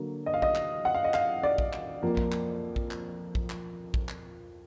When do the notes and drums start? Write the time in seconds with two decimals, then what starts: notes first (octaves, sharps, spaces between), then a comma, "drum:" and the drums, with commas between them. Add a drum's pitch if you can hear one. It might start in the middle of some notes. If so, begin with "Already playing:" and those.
Already playing: D3 F#3 A#3
0.26 D#5
0.34 F5
0.42 D#5, drum: kick
0.55 drum: clap
0.85 F#5
0.94 F5
1.04 D#5
1.14 F5, drum: clap
1.43 D5
1.58 drum: kick
1.73 drum: clap
2.03 F2 F3 A#3
2.17 drum: kick
2.32 drum: clap
2.76 drum: kick
2.91 drum: clap
3.35 drum: kick
3.50 drum: clap
3.94 drum: kick
4.09 drum: clap